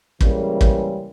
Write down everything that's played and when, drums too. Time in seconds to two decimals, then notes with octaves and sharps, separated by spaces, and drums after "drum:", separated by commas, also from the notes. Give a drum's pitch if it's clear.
0.21 C#3 E3 G3 G#3 A#3, drum: kick
0.61 drum: kick